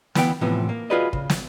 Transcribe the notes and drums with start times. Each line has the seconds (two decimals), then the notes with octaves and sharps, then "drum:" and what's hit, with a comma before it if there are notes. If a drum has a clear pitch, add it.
0.15 D2 E3 B3 G5, drum: snare
0.41 A2 C3 E3 F3 B3
0.69 A#3
0.90 F4 F#4 G#4 B4 D5 D#5
1.13 C#3, drum: kick
1.30 drum: snare